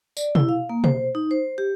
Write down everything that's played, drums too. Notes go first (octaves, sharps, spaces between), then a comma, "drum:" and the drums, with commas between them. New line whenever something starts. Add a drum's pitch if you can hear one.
D5, drum: tambourine
E4, drum: tom
F5
A#3
C5, drum: tom
D#4
C5
G4